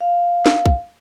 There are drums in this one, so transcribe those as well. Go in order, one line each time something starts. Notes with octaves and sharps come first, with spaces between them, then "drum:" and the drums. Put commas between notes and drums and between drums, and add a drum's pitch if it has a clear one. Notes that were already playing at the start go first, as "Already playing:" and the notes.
F5
drum: snare
drum: kick